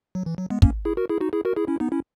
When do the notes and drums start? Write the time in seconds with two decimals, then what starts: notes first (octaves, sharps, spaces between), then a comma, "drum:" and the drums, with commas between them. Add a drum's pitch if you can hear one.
0.15 F#3
0.26 E3
0.38 F#3
0.50 G#3 B3
0.62 A#3 C#4, drum: kick
0.85 E4 G#4
0.97 F#4 A#4
1.09 E4 G#4
1.21 D#4 F#4
1.33 E4 G#4
1.45 F#4 A#4
1.56 E4 G#4
1.68 C#4 E4
1.80 B3 D#4
1.92 C#4 E4